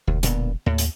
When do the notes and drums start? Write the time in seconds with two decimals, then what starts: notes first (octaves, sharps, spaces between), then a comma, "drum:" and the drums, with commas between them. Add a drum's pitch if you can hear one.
0.07 E1 D2
0.23 A#2 D3 B3, drum: hi-hat
0.66 D#2 A2
0.78 drum: hi-hat